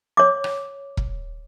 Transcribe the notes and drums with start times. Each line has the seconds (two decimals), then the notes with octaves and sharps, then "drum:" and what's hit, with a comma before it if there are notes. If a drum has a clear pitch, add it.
0.17 C#5 D6
0.44 drum: rim click
0.97 drum: kick E1